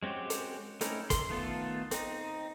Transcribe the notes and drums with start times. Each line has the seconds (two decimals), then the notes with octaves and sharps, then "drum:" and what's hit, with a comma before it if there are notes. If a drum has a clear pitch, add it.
0.03 G#3 C4 C#4 F#4 G4
0.30 drum: hi-hat
0.81 A3 C4 C#4 D#4 E4, drum: hi-hat
1.10 C6, drum: kick, hi-hat
1.29 D#3 A3 B3 F4 A4
1.91 C4 D#4, drum: hi-hat